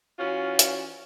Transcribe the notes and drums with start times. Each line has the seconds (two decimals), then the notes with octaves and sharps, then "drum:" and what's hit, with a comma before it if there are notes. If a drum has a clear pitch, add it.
0.19 E3 C#4 F4 F#4
0.59 drum: hi-hat